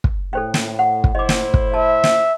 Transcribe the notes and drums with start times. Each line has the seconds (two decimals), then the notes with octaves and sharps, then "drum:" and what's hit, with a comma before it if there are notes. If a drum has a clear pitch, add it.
0.04 drum: kick
0.33 A2 A4 C5 G5
0.54 drum: snare
0.79 F#5
1.04 drum: kick
1.15 A2 E4 C5 D#5 D6
1.29 drum: snare
1.54 drum: kick
1.74 E5 A5
2.04 drum: snare